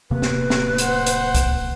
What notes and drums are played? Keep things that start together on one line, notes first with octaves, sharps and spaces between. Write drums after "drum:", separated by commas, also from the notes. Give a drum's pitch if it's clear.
D1 C3 A#3 B4
drum: snare
drum: snare
C5 F#5, drum: hi-hat
drum: hi-hat
drum: kick, hi-hat